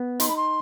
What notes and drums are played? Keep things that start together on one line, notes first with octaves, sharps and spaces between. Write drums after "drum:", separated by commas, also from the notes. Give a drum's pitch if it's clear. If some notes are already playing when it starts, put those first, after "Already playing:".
Already playing: B3
D#4 C6, drum: hi-hat
B5
C6